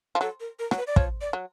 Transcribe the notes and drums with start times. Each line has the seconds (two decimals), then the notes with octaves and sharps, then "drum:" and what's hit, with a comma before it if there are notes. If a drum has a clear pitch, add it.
0.15 F3
0.21 F#3 A4
0.40 A#4
0.59 A#4
0.71 F#3, drum: rim click
0.78 B4
0.87 D5
0.96 F3 C#5, drum: kick
1.21 D5
1.33 F#3